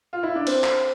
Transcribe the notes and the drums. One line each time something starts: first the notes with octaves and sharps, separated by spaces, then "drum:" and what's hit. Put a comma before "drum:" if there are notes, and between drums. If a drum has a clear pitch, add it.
F4
E4
D4
C4, drum: cymbal
drum: clap